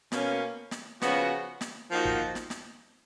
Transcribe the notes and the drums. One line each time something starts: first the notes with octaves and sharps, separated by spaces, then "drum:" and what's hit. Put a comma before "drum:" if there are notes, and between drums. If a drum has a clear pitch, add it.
B2 A#3 C#4, drum: snare
drum: snare
C#3 F3 B3 F#4, drum: snare
drum: snare
F3 A#3 D#4 F#4
drum: kick
drum: snare
drum: snare